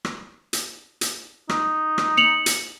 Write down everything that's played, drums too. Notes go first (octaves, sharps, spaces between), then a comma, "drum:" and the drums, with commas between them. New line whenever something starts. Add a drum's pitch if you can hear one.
drum: rim click
drum: hi-hat
drum: hi-hat
D#4, drum: rim click
drum: rim click
C#7 F7 F#7
drum: hi-hat